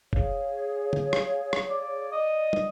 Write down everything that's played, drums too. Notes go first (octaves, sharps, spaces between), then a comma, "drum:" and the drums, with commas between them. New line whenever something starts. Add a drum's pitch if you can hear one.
G#4 C#5 F5, drum: kick F#1
drum: tom
drum: rim click
drum: rim click
D5
D5 D#5
drum: tom